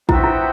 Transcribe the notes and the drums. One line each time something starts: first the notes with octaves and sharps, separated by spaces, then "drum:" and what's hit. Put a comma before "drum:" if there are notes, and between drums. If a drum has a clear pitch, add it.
B3 E4 F#4 C5 E5 G5, drum: kick A1
E4